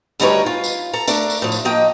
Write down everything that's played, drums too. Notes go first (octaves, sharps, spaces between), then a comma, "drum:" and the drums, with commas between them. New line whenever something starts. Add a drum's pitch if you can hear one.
D2 G3 D#4 A#4 B4 C#5, drum: tambourine
F4
drum: tambourine
A4 A#5
A3 D4 A#4, drum: tambourine
drum: tambourine
A2 F3
drum: tambourine
F3 A#3 D#5 G5